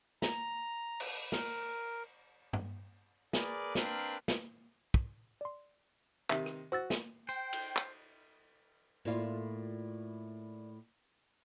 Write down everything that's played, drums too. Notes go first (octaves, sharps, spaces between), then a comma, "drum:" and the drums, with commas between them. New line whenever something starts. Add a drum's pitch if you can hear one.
A#5, drum: snare
drum: cymbal
A#4, drum: snare
drum: tom G2
G#4 A#4 B4 D5, drum: snare
A#3 C4 D4 A#4 B4, drum: snare
drum: snare
drum: kick
D5 C6
C3 D#3 G4 E5 B6, drum: clap
drum: rim click
F#4 C5 E6 A6
drum: snare
C5 G5, drum: tambourine
drum: cymbal
drum: clap
A2 A#3 E4 F4 D5